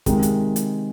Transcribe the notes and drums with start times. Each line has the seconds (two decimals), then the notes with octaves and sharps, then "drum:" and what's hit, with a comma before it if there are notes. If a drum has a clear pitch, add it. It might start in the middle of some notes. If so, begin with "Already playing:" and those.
0.06 C3 D#3 G#3, drum: kick, hi-hat
0.23 drum: hi-hat
0.56 drum: hi-hat